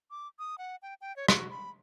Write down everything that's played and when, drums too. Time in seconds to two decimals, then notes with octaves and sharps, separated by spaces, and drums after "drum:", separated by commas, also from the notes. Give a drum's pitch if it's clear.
0.11 D6
0.39 D#6
0.58 F#5
0.82 G5
1.01 G5
1.16 C#5
1.28 F#4, drum: rim click
1.50 B5